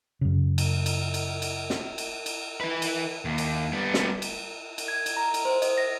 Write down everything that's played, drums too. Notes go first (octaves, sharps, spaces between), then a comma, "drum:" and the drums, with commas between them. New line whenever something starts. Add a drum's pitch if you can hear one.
F#2 C#3
drum: cymbal
drum: cymbal
drum: cymbal
drum: cymbal
drum: snare
drum: cymbal
drum: cymbal
E4 B4
drum: cymbal
D#2
drum: cymbal
G3 B3
drum: snare
drum: cymbal
drum: cymbal
G#6
drum: cymbal
A#5
drum: cymbal
C5
D#5, drum: cymbal
A#6